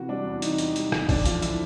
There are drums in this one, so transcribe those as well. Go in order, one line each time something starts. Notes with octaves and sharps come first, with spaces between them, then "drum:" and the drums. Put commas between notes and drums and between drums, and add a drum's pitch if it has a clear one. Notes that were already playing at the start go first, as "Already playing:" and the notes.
Already playing: C3 E3 F#4
G3 D4
E2
C3 D#4, drum: hi-hat
E3, drum: hi-hat
G3, drum: hi-hat
E2, drum: rim click
D3 D4, drum: kick, open hi-hat
F3, drum: hi-hat
E4, drum: hi-hat